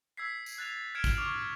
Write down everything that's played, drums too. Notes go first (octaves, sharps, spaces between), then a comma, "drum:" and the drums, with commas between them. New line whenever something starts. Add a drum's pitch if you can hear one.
E6 G#6 B6 C7
drum: tambourine
F#6 A6 F7
F6 G#6 A6 C#7 D7 E7
drum: kick, tambourine
C#6 D6 F6 F7 F#7